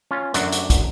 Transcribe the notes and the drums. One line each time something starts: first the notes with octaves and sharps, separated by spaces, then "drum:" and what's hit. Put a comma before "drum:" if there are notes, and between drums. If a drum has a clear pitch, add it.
C#4 F4
F#2 D3 F#3 A3 D4 F#4, drum: hi-hat
drum: hi-hat
drum: kick, hi-hat